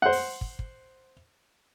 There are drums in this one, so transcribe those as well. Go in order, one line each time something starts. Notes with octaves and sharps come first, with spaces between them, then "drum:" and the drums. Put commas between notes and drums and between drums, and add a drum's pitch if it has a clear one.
C5 F#5
drum: open hi-hat
drum: kick
drum: kick